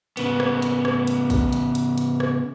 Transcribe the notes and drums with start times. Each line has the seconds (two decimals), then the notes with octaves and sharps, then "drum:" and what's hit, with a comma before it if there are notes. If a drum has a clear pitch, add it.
0.17 C#3 B3, drum: hi-hat
0.40 drum: rim click
0.62 drum: hi-hat
0.85 drum: rim click
1.07 drum: hi-hat
1.30 drum: kick, open hi-hat
1.53 drum: hi-hat
1.75 drum: hi-hat
1.98 drum: hi-hat
2.20 drum: rim click